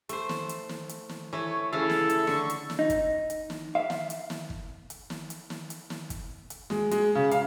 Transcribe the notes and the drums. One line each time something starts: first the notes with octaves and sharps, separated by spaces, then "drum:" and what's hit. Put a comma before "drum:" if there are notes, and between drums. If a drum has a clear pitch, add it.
A3 C5, drum: hi-hat
drum: snare
drum: hi-hat
drum: snare
drum: hi-hat
drum: snare
E3 A3 C#5
C#3 E3 E4 A4 F5
drum: snare
drum: hi-hat
D3 C#6, drum: snare
drum: hi-hat
drum: snare
D#4
drum: kick, hi-hat
drum: hi-hat
drum: snare
E5 F5
drum: snare
drum: hi-hat
drum: snare
drum: kick
drum: hi-hat
drum: snare
drum: hi-hat
drum: snare
drum: hi-hat
drum: snare
drum: kick, hi-hat
drum: hi-hat
G#3, drum: snare
G#3, drum: hi-hat
C#3
F5, drum: hi-hat